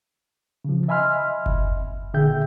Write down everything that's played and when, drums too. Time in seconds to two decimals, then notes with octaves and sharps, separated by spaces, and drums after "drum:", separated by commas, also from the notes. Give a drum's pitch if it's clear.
0.65 C#3 F3
0.88 D#5 E5 G#5 B5 C6 F6
1.46 drum: kick F#1
2.14 A#2 D3 G#4 E5 G5 G6